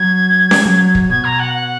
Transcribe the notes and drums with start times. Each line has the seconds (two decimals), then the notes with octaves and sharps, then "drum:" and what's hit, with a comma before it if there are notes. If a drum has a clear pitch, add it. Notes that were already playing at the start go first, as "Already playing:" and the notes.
Already playing: F#3 G#6
0.51 drum: snare C#4
0.66 F#3
0.95 drum: kick
1.09 B2 G#6
1.24 A#5
1.39 F#5
1.53 F#5